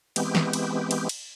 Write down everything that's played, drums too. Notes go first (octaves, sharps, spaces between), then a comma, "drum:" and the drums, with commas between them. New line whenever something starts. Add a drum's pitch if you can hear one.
E3 G#3 B3 C4 G4, drum: cymbal
drum: snare
drum: cymbal
drum: cymbal
drum: cymbal